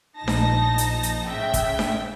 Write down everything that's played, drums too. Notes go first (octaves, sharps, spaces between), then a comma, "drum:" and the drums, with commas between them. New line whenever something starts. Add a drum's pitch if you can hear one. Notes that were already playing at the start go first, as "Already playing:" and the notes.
A#1 D#4 A5 A#6
drum: snare D4
drum: hi-hat
drum: hi-hat
A2 C#3 E5 G5
drum: kick, hi-hat
drum: snare D4